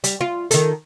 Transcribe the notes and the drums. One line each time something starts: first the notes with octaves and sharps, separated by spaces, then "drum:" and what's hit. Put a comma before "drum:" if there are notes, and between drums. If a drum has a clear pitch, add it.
G3, drum: hi-hat
F4
D#3 A4, drum: hi-hat